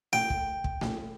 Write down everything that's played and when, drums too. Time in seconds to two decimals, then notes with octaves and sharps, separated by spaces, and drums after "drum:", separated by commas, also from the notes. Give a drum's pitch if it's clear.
0.13 G5, drum: snare A3
0.30 drum: kick
0.64 drum: kick
0.81 drum: snare A3